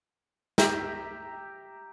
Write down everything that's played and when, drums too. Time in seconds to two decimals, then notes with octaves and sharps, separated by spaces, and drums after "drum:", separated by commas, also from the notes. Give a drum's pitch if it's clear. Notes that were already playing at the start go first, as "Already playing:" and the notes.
0.58 G4 E5 G5 A#5, drum: snare